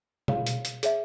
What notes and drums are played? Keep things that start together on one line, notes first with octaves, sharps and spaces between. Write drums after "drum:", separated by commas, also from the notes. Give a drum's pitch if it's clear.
G#4 C#5 F5, drum: tom
drum: hi-hat
drum: hi-hat
G#4 C#5 E5, drum: hi-hat